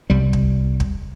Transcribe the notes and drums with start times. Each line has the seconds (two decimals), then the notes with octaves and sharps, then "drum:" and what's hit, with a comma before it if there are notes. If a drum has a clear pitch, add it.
0.10 C2 G3
0.33 drum: kick
0.80 drum: kick